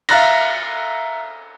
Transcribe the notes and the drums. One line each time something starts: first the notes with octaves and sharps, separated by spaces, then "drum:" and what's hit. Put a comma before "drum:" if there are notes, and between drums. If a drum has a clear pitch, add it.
E5 F5 A#5 F#6 A6 A#6, drum: cymbal